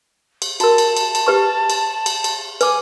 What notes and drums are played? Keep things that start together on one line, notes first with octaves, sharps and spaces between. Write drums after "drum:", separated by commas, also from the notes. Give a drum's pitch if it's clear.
drum: cymbal
F#4 A#4 A5, drum: cymbal
drum: cymbal
drum: cymbal
drum: cymbal
G4 B4 C#6
drum: cymbal
drum: cymbal
drum: cymbal
B4 G#5 D6, drum: cymbal